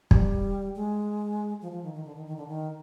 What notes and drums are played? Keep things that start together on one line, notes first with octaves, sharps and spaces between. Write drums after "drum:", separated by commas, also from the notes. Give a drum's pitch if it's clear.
G3, drum: kick
G#3
F3
F3
D#3
D#3
D3
D#3
D#3
D3
D#3